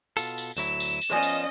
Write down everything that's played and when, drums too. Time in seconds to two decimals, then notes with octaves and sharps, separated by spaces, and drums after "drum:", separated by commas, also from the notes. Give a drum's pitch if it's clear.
0.17 B2 F4 A4, drum: tambourine
0.38 drum: tambourine
0.57 D2 F#3 E4 E7, drum: tambourine
0.80 drum: tambourine
1.01 drum: tambourine
1.12 F3 B3 C#4 F4 D5 D#5 G#5 D#6
1.23 drum: tambourine